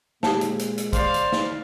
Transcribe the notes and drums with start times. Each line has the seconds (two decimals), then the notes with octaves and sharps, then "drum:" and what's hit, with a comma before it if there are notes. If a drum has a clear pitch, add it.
0.23 A#2 G#3 G4 A5, drum: snare
0.41 drum: hi-hat
0.59 drum: hi-hat
0.78 drum: hi-hat
0.93 C5 D5 F5, drum: kick, hi-hat
1.14 drum: hi-hat
1.32 drum: snare